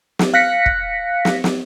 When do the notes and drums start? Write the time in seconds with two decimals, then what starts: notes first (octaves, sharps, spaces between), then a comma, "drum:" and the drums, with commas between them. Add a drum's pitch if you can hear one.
0.19 drum: snare
0.34 F5 F#6 A#6 B6 C#7
0.66 drum: kick
1.25 drum: snare
1.44 drum: snare